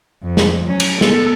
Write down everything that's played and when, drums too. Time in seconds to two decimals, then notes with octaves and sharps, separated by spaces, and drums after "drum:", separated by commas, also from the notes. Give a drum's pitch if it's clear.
0.23 F2
0.37 drum: snare
0.66 F#3 C#4
0.80 drum: cymbal
1.01 B3 A4, drum: snare